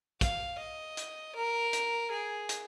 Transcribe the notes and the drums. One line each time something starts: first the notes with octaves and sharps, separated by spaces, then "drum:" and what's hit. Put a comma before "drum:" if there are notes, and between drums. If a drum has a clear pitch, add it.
F5, drum: kick, hi-hat
D#5
drum: hi-hat
A#4
drum: hi-hat
G#4
drum: hi-hat